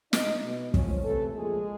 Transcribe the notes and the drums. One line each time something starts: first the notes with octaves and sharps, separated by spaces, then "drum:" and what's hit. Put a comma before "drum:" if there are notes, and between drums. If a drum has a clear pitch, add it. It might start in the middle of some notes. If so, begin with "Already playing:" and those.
B2 D#4 D#5, drum: snare
B2
A2 F3 C#4 C#5, drum: kick
C3 E3 A3 A4
A#2 F3 G#3 G#4